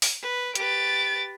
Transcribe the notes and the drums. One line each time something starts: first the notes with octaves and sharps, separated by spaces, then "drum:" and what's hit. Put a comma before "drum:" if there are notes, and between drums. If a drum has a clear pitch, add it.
drum: open hi-hat
B4
G4 B4 A6 D7, drum: hi-hat